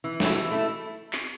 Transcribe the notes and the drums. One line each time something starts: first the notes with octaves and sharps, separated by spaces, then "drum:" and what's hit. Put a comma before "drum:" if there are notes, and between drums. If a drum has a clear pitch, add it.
E3
A3 E4, drum: snare
E3
A3 E4
drum: clap